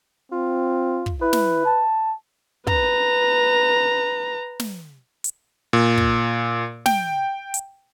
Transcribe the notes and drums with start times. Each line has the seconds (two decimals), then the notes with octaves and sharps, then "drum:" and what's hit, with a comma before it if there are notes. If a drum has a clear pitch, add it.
0.32 C4 F4
1.06 drum: kick
1.21 E4 B4
1.33 drum: snare
1.65 A5
2.67 B4 A#5, drum: kick
4.60 drum: snare
5.24 drum: hi-hat
5.73 A#2
5.98 drum: kick
6.86 G5, drum: snare
7.54 drum: hi-hat